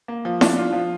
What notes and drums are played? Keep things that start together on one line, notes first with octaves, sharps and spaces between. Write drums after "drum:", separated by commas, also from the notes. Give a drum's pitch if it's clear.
A#3
F3
D4, drum: snare E4
F4
F3